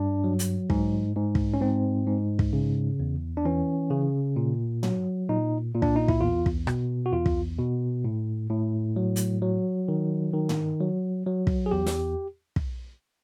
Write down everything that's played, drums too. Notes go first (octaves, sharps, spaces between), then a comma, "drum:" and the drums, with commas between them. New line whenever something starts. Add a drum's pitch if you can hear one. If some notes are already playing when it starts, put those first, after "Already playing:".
Already playing: G2 D4
F#3
drum: hi-hat
G#2, drum: kick
G#2
drum: kick
C#4
G#2 C4
G#2
drum: kick
C#3
E2
D4
E3 C#4
C#3
A#2
F#3, drum: tom
A#2 D#4
A#2
D4, drum: kick
D#4
E4, drum: kick
E2 F4
drum: kick
B2, drum: rim click
F#4
E2 F4
drum: kick
B2
A2
A2
F#3
drum: hi-hat
F#3
D#3
D#3
drum: tom
F#3
F#3
drum: kick
G#4
E2 G4
drum: snare
drum: kick